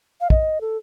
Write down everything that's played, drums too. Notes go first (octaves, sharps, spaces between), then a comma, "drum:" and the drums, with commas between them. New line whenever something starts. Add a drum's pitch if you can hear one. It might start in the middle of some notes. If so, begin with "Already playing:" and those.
F5
D#5, drum: kick
A4